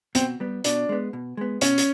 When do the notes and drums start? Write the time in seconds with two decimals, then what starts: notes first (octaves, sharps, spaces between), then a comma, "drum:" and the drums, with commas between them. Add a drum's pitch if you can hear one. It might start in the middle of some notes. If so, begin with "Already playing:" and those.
0.15 B2 C4, drum: hi-hat
0.40 G3 B3
0.64 B2 D4, drum: hi-hat
0.89 G#3 B3
1.13 B2
1.37 G#3 B3
1.61 B2 C#4, drum: hi-hat
1.78 drum: hi-hat